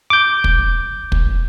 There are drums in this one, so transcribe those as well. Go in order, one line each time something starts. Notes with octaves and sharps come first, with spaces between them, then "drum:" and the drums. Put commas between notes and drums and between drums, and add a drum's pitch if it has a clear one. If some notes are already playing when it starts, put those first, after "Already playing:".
D6 G6
drum: kick
drum: kick